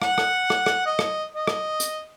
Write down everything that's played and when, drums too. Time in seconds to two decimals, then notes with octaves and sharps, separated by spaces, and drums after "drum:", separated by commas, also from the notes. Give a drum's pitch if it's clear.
0.02 F#5, drum: rim click
0.18 drum: rim click
0.50 drum: rim click
0.66 drum: rim click
0.86 D#5
0.99 drum: rim click
1.35 D#5
1.47 drum: rim click
1.80 drum: hi-hat